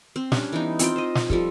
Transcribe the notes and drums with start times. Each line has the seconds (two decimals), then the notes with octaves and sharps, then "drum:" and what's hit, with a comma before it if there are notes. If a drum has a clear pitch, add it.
0.16 C4
0.32 G3 C#4 D4, drum: snare
0.52 E3 B3 D#4
0.79 C4 F4 G5, drum: hi-hat
0.96 C5 D#5
1.15 drum: snare
1.30 F3 G3 A4, drum: kick